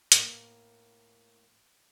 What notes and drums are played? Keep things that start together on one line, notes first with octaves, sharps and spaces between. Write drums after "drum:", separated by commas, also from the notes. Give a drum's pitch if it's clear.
A2 A#3, drum: hi-hat